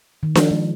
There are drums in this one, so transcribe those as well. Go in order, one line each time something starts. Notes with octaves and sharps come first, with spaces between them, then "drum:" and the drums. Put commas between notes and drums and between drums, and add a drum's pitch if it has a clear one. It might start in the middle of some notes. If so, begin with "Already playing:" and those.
D#3
F3, drum: snare D4
G#3